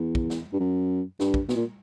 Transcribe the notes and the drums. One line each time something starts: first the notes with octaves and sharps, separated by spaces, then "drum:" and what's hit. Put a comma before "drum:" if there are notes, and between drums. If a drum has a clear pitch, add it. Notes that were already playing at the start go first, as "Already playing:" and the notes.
Already playing: E2
drum: kick
drum: snare
G2
F#2
G2, drum: snare
drum: kick
B2, drum: snare
A#2